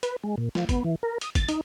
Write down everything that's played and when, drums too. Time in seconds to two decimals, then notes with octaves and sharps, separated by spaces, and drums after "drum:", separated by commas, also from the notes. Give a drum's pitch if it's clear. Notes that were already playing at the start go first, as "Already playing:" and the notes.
0.03 B4, drum: hi-hat
0.24 G#3
0.38 A#2
0.55 F3, drum: snare
0.69 B3, drum: kick, hi-hat
0.84 E3
1.03 A#4
1.21 D#6, drum: hi-hat
1.35 A6, drum: kick, hi-hat
1.49 D#4, drum: hi-hat